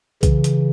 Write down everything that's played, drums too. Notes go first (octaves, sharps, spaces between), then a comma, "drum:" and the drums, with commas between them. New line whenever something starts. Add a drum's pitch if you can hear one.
C#3 E3, drum: kick B1, hi-hat
drum: hi-hat